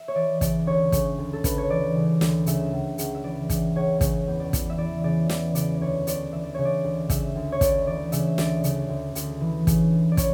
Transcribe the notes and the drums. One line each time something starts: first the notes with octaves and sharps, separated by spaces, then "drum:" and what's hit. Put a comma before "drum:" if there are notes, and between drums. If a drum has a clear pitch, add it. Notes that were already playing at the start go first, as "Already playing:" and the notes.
Already playing: E5
C#5
E3 D5
C#3 D5, drum: kick, hi-hat
D2 C#5
C#3, drum: kick, hi-hat
D2
A4
D2 B4, drum: kick, hi-hat
C#5
E3 D5
C#3
D2, drum: snare
C#3 E5, drum: hi-hat
C#2
C#2, drum: hi-hat
E5
E3 D5
C#3, drum: kick, hi-hat
C#2 C#5
C#3 C#5, drum: kick, hi-hat
E2
D5
E2, drum: kick, hi-hat
E5
E3 D5
C#3 D5
E2 D5, drum: snare
C#3 D5, drum: hi-hat
D2 C#5
D2 D5, drum: hi-hat
E3 E5
D5
C#3 C#5
D5
D2
C#3 E5, drum: kick, hi-hat
D2
C#5
D2 D5, drum: kick, hi-hat
E3 D5
C#3 E5, drum: hi-hat
D2 D5, drum: snare
C#3 D5, drum: hi-hat
D2
D2, drum: hi-hat
E3
C#3, drum: kick, hi-hat
D2
D5
E3 C#5, drum: kick, hi-hat